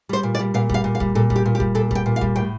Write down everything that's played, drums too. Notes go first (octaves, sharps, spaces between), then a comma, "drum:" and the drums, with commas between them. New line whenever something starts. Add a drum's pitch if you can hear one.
G3 C5
A#2
D5
G3
A#2 F5
G3 F5, drum: kick
A#2
F5
G3, drum: kick
A#2 A4
G3, drum: kick
G4
A#2
G4
G3, drum: kick
A#2 A4
G3 G5, drum: kick
A#2
F5
G3, drum: kick
A2 G5